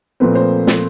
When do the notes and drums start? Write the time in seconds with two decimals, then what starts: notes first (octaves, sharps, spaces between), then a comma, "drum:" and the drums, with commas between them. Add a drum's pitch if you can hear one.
0.20 A#2 F3 A3 C4 B4
0.35 C5
0.67 drum: snare